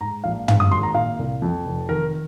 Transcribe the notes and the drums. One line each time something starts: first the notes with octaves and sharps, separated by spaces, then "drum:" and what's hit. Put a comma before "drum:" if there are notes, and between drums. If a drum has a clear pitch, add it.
G#2 A#5
A#1 F5
G#2 F5, drum: tom
D#6
G#1 C6
A#5
A#2 F5
C2
F2
F1
D#3 A#4